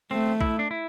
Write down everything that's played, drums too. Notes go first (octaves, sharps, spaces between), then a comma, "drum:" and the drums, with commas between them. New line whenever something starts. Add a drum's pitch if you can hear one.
A3 C4
E4, drum: kick B1
D4
E4